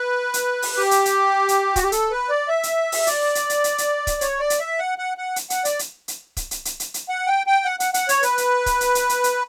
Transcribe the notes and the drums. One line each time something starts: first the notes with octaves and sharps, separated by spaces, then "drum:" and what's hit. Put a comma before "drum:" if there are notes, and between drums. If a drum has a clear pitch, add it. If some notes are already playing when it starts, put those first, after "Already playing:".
Already playing: B4
drum: hi-hat
drum: open hi-hat
G4
drum: hi-hat
drum: hi-hat
drum: hi-hat
F#4, drum: kick C#1, hi-hat
G4
A4, drum: hi-hat
B4
D5
E5
drum: hi-hat
drum: open hi-hat
D5, drum: hi-hat
drum: hi-hat
drum: hi-hat
drum: hi-hat
drum: hi-hat
drum: kick C#1, hi-hat
C#5, drum: hi-hat
D5
drum: hi-hat
E5
F#5
F#5
F#5
drum: hi-hat
F#5, drum: hi-hat
D5, drum: hi-hat
drum: hi-hat
drum: hi-hat
drum: kick C#1, hi-hat
drum: hi-hat
drum: hi-hat
drum: hi-hat
drum: hi-hat
F#5
G5
G5
F#5
F#5, drum: hi-hat
F#5, drum: hi-hat
C#5, drum: hi-hat
B4, drum: hi-hat
drum: hi-hat
drum: kick C#1, hi-hat
drum: hi-hat
drum: hi-hat
drum: hi-hat
drum: hi-hat